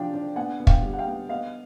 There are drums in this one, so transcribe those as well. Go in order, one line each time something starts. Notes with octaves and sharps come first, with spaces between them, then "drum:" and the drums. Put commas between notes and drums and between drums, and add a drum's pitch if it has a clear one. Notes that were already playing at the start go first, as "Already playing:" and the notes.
Already playing: C3 F3 D4 F5 G5
D4
B3 F#5 G#5
B3
F5 G5, drum: kick
G3
F#5
F5 G5
B3
B3 D#5 F5